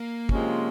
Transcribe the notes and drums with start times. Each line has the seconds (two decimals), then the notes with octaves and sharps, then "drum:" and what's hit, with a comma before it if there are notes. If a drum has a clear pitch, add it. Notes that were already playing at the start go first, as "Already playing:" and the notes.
Already playing: A#3
0.29 C3 F3 G#3 C#4 F4, drum: kick